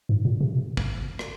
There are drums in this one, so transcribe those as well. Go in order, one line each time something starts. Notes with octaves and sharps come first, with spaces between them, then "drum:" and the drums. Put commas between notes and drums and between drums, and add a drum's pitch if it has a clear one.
G#2
A#2
C3
drum: kick
drum: rim click